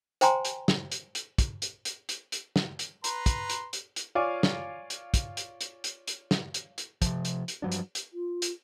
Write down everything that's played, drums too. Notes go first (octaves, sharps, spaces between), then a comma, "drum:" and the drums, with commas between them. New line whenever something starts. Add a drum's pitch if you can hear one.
C5 G5 G#5 A#5 C6, drum: hi-hat
drum: hi-hat
drum: snare
drum: hi-hat
drum: hi-hat
drum: kick, hi-hat
drum: hi-hat
drum: hi-hat
drum: hi-hat
drum: hi-hat
drum: snare
drum: hi-hat
B4 A#5 C6, drum: hi-hat
drum: kick, hi-hat
drum: hi-hat
drum: hi-hat
drum: hi-hat
F4 C#5 D5 F5 G#5 D6
drum: snare
drum: hi-hat
drum: kick, hi-hat
drum: hi-hat
drum: hi-hat
drum: hi-hat
drum: hi-hat
drum: snare
drum: hi-hat
drum: hi-hat
C3 F3, drum: kick, hi-hat
drum: hi-hat
drum: hi-hat
G2 F3 F#3 D4
drum: hi-hat
drum: hi-hat
F4
drum: hi-hat